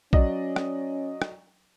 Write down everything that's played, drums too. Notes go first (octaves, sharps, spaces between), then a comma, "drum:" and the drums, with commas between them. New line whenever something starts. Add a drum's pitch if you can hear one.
F#3 C#4 D5 D#5, drum: kick
drum: rim click
drum: rim click